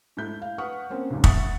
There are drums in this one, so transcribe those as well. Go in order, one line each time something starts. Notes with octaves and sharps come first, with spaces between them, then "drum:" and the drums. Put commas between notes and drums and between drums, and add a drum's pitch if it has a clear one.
G#2 A3 E4 G6
F5
B4 F#5 C#6 D#6 F6
A#3 C4 C#4
F#1 D#2 G#2 C#3
E5 F#5 C#6 D#6 A6 C#7, drum: kick